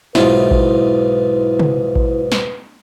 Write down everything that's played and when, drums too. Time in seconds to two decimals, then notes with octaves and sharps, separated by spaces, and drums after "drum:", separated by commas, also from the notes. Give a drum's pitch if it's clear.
0.15 B1 G#2 E4 F4 B4, drum: snare
0.51 drum: kick A1
1.59 drum: tom
1.96 drum: kick A1
2.32 drum: snare